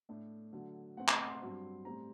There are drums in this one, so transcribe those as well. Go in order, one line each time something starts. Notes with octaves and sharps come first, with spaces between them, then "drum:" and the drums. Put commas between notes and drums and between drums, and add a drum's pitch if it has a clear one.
A2 A3 D4
D3 F#3 A3
A2 A3 C4 F#5
D#5, drum: clap
F#5
C6
G2 F#3 C4
A2 G3 C4 A#5